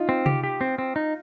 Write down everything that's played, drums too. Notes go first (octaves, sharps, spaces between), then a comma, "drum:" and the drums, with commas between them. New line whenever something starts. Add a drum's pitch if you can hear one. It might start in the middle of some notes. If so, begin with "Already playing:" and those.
Already playing: D#4 F4
C4
G4, drum: tom C3
G4
C4
C4
D#4